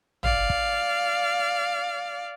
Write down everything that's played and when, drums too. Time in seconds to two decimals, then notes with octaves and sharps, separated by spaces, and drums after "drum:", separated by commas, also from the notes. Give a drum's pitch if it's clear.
0.23 D5 F5, drum: tom
0.50 drum: kick